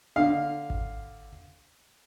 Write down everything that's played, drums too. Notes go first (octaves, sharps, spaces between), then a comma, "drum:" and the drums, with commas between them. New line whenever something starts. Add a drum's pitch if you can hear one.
D3 F5
drum: kick G#1